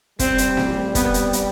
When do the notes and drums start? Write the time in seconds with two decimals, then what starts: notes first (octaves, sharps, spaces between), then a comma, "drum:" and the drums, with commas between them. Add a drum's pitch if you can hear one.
0.19 G3 C4, drum: kick F1, hi-hat
0.38 drum: hi-hat
0.57 drum: snare
0.95 B3, drum: kick F1, hi-hat
1.14 drum: hi-hat
1.33 drum: hi-hat